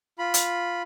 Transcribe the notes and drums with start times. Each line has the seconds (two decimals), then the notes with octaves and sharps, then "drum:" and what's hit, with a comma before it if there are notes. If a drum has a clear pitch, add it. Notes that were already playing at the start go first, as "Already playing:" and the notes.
0.19 F4 B5
0.34 drum: hi-hat